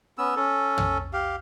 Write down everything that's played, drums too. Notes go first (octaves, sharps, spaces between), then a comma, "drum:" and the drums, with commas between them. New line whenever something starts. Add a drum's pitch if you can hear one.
B3 C#4 E6
C#4 A4
drum: tom
G4 F5